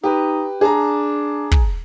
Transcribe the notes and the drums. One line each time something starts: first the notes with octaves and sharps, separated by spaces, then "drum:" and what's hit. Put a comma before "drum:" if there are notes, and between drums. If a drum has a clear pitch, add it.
D#4 G4 B4
D4 G#4 A5 A#5
drum: kick